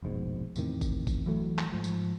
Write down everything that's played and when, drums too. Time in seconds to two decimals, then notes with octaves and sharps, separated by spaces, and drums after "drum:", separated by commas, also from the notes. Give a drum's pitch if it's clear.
0.02 F1 A#1 G#2 B2
0.56 E2 A2 C3 D#3, drum: tambourine
0.81 drum: kick G#1, tambourine
1.07 drum: kick G#1, tambourine
1.26 E3 F#3 A3
1.58 drum: clap
1.72 G#2 F3
1.84 drum: tambourine